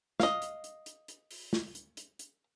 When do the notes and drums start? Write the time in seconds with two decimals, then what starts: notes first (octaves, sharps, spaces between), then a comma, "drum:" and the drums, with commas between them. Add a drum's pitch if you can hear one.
0.20 D#5 F5, drum: snare
0.42 drum: hi-hat
0.64 drum: hi-hat
0.86 drum: hi-hat
1.08 drum: hi-hat
1.31 drum: open hi-hat
1.53 drum: snare
1.75 drum: hi-hat
1.97 drum: hi-hat
2.19 drum: hi-hat